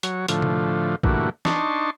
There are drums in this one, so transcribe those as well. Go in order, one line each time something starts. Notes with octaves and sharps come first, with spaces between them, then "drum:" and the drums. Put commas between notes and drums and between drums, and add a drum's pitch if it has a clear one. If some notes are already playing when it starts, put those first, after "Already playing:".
F#3 C#5, drum: hi-hat
A2 D3 F3, drum: hi-hat
drum: tom C3
G2 A#2 D3 E3 A3 F#4, drum: kick
D4 D#4 A5 C6 C#6, drum: snare